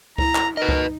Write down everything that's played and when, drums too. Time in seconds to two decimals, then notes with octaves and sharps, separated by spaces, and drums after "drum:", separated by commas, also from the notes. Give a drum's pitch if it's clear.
0.18 E4 A#5, drum: kick C#2
0.35 drum: clap
0.57 D#4 A#4 B4 D#5
0.69 drum: kick C#2